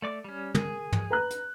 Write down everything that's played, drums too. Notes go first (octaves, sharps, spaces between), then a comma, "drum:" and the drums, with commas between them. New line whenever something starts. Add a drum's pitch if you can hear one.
A3 D5 D6
G3 C#4
G#4 A#4, drum: tom
drum: tom
B4 A#5 F#6
drum: hi-hat